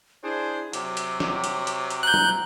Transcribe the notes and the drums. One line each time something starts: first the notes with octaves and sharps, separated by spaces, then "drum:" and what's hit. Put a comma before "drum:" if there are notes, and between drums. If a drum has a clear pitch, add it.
D4 E4 G#4 C5
C3 F#3 D6, drum: hi-hat
drum: hi-hat
drum: snare
drum: hi-hat
drum: hi-hat
drum: hi-hat
A#5 F#6 G6
drum: tom F#3